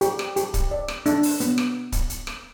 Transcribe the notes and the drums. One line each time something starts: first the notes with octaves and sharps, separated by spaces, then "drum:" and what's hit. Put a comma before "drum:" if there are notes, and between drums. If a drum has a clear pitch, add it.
G4, drum: hi-hat
drum: rim click
G4, drum: hi-hat
drum: kick C#1, hi-hat
D5
drum: rim click
D4, drum: hi-hat
drum: open hi-hat
B3, drum: hi-hat
drum: rim click
drum: kick C#1, hi-hat
drum: hi-hat
drum: rim click